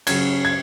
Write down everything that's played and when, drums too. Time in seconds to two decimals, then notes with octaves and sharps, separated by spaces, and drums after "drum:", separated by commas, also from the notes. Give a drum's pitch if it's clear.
0.07 C#3 F#3 C#4 G#6, drum: cymbal
0.45 G#6